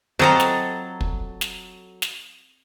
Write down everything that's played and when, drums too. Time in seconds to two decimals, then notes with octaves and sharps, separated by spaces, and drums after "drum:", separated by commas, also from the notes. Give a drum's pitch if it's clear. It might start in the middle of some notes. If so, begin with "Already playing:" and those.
0.19 F#3 C4 F4 A4 D#5 A#5
0.40 drum: snare
1.01 drum: kick
1.41 drum: snare
2.02 drum: snare